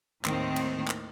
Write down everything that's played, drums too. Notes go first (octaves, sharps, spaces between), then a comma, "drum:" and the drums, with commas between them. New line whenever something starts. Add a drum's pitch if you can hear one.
D#2 A2 D#3 C4, drum: clap
drum: cymbal
drum: clap